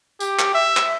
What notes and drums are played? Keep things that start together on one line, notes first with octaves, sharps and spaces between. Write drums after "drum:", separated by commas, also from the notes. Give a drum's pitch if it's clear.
G4, drum: tambourine
drum: clap
E5
drum: clap